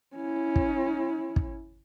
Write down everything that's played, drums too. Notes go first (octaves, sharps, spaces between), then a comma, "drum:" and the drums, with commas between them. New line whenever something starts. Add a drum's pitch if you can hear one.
C#4 E4
drum: kick
drum: kick